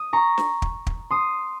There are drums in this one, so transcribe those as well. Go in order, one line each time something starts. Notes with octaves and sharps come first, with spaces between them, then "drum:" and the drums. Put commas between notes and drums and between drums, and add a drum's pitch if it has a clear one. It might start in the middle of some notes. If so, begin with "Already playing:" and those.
Already playing: D#6
A#5 C#6
drum: snare
drum: kick
drum: kick
C6 D#6